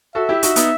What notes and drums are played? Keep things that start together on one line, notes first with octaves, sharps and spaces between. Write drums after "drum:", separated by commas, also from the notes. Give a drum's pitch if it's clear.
F#4 A4 E5
E4 G4
D#4 F#4, drum: hi-hat
B3 D#4, drum: hi-hat